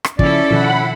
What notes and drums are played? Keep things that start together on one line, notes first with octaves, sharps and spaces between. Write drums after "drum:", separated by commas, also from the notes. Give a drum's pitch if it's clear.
drum: rim click
C#3 F3 C#4 E4 A4 D5, drum: kick
B2 D#3 F3 F#5 B5